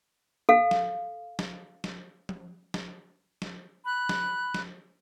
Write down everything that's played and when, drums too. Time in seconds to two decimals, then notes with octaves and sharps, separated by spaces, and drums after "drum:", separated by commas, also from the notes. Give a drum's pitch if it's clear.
0.49 A4 F5
0.71 drum: snare
1.39 drum: snare
1.84 drum: snare
2.29 drum: tom F3
2.74 drum: snare
3.42 drum: snare
3.85 B5 F#6
4.09 drum: snare
4.54 drum: snare